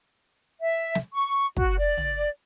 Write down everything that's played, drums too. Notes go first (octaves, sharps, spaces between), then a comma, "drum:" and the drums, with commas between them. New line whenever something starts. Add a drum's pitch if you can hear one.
E5
drum: snare
C#6
F#4, drum: kick
D5
drum: tom